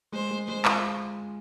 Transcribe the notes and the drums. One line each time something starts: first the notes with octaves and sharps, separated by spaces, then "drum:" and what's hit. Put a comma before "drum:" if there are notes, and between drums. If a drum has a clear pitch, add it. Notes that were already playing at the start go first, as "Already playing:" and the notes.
G#3 C5
G#3
G#3 C5
F4, drum: clap